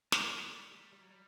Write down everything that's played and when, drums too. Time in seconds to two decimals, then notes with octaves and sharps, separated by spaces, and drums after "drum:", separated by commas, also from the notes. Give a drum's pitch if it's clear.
0.12 B3, drum: snare
0.32 G3
0.52 G3
0.72 G3
0.92 G3
1.01 F#3
1.10 G3